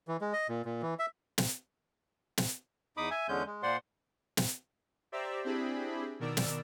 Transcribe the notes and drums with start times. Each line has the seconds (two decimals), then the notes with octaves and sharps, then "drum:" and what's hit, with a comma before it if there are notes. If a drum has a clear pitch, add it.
0.08 E3
0.21 G#3
0.33 D#5
0.49 A#2
0.65 A#2
0.82 E3
0.99 E5
1.38 drum: snare
2.37 drum: snare
2.97 E2 D#4 B5 D6 D#6
3.11 E5 G#5
3.29 E2 D3 G#3 C#4 G6
3.46 G#3
3.63 A#2 C5 D5 F#5 C6
4.37 drum: snare
5.12 G4 C5 D5 E5 A#5 E6
5.44 C4 D4 E4 G4 G#4 B5
6.20 B2 D#3 A#4 D5 E6
6.37 drum: snare